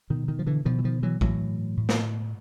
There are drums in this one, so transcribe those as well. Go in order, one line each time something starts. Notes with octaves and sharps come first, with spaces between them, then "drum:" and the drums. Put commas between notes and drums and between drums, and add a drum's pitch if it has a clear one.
B2 D#3
D#3
F3
D3 E3
B2 D#3 F3
E3
D#3 F3
E3 F#3
A2 E3 F#3, drum: kick
A2
drum: snare